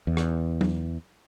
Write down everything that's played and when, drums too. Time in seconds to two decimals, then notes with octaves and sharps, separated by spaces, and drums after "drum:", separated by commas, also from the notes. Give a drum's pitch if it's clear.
0.07 E2
0.17 drum: rim click
0.61 drum: tom F#3